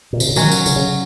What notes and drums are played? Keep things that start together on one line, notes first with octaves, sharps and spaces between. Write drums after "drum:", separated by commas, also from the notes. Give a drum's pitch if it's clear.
A#2
C3, drum: tambourine
C#3
D#3 F#3 C#4 F#4, drum: tambourine
drum: tambourine
C#3, drum: tambourine
C#3